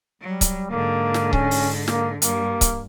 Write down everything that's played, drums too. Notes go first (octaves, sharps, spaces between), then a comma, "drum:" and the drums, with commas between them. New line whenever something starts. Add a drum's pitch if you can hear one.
F#3 G3
drum: kick C#1, hi-hat
G#2 D3 A#3
drum: snare
C#4, drum: kick C#1
drum: open hi-hat
A#3, drum: snare
G2 G3 A#3, drum: hi-hat
drum: kick C#1, hi-hat